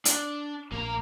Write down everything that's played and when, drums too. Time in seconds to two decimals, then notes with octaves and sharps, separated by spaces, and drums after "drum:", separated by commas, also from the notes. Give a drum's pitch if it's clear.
0.05 D4, drum: hi-hat
0.72 A#1 A#3 A#5